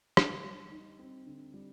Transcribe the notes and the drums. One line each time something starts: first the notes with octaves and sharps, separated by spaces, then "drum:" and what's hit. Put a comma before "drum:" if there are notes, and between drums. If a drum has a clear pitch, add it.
D3, drum: rim click
G3
D#4
C4
D3
G3